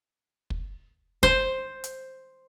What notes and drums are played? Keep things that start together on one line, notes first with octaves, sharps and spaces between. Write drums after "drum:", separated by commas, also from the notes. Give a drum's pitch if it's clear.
drum: kick
C5, drum: kick
drum: hi-hat